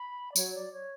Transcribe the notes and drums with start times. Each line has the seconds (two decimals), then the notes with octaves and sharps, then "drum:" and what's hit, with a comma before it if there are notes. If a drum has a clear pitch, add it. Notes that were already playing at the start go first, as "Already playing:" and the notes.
Already playing: B5
0.31 D5
0.36 F#3 C#5, drum: tambourine
0.54 D5
0.72 C#5